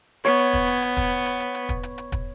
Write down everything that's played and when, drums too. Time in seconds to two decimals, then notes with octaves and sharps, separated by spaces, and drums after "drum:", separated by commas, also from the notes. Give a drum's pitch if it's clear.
0.25 B3 C#5, drum: hi-hat
0.39 drum: hi-hat
0.54 drum: kick, hi-hat
0.68 drum: hi-hat
0.82 drum: hi-hat
0.97 drum: kick, hi-hat
1.26 drum: hi-hat
1.40 drum: hi-hat
1.55 drum: hi-hat
1.69 drum: kick, hi-hat
1.83 drum: hi-hat
1.98 drum: hi-hat
2.12 drum: kick, hi-hat